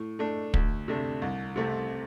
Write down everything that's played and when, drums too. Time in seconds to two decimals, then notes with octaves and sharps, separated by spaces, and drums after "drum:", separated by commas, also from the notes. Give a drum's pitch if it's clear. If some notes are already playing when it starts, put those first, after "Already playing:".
Already playing: A2
0.19 A3 D4
0.54 D2, drum: kick
0.88 C3 A3 D4
1.22 C2
1.56 C3 A3 C4